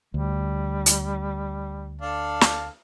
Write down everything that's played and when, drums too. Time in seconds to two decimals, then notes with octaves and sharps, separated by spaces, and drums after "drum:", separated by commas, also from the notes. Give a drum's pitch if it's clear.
0.14 D2 G3
0.86 drum: hi-hat
2.01 D4 A4 F5
2.41 drum: snare